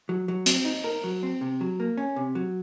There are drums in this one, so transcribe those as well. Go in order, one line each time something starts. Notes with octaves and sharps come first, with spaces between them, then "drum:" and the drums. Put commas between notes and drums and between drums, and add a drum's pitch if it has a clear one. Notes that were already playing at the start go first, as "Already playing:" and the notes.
F#3
F#3
C4, drum: hi-hat
D#4
A#4
F#3
C4
C3
F#3
A#3
C#4
C3
F#3